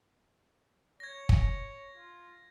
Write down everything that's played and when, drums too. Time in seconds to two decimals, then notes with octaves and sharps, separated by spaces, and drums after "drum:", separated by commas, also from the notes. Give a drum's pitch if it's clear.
1.00 C#5 G#6 A#6
1.29 drum: kick
1.95 F4